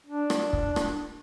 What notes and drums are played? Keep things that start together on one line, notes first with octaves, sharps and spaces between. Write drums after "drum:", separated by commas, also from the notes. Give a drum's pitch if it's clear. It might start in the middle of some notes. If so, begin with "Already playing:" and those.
D4
drum: rim click
drum: kick
drum: rim click